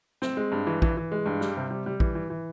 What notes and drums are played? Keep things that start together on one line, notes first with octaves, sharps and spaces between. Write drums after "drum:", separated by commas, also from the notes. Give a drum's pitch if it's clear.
C4, drum: snare
G#3
G2
E3
E3, drum: kick A#1
E3
G#3
G2
G3, drum: snare
C3
G3
G3
E3, drum: kick A#1
E3
E3